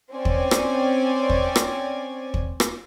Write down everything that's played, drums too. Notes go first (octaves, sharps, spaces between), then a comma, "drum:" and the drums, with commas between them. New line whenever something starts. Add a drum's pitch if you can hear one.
C4 C#4 D5 G#5
drum: kick
drum: rim click
drum: kick
drum: rim click
drum: kick
drum: rim click